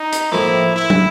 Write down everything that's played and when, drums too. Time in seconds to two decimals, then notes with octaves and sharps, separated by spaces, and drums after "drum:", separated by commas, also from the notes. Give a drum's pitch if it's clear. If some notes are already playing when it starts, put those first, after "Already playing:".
Already playing: D#4
0.13 drum: hi-hat
0.32 A2 F3 A#3 E4
0.76 E4
0.90 drum: tom